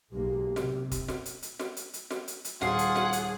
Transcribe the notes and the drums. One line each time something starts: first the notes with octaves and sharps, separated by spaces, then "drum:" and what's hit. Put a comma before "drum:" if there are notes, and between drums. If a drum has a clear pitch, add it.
B1 G#3 A#3 G4
C3, drum: snare
drum: kick, hi-hat
drum: snare
drum: hi-hat
drum: hi-hat
drum: snare
drum: hi-hat
drum: hi-hat
drum: snare
drum: hi-hat
drum: hi-hat
D#1 F4 G#4 F#5 C7, drum: snare
drum: hi-hat
drum: snare
drum: hi-hat